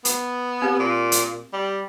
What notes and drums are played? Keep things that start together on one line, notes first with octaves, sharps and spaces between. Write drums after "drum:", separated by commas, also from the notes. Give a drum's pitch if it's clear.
B3, drum: hi-hat
C4 G4
A#2
drum: hi-hat
G3